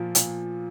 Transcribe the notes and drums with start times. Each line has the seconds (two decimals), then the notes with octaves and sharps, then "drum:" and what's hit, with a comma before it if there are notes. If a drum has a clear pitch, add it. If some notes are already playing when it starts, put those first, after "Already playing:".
Already playing: A#2 F3
0.15 A#2, drum: hi-hat